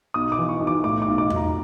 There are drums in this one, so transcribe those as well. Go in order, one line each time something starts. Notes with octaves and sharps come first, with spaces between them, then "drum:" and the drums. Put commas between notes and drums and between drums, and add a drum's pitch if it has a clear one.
B1 D#6
D6
E3
C#6
B1
D6
A2 D6
D6
B1
D6
B1, drum: tom E2
A#5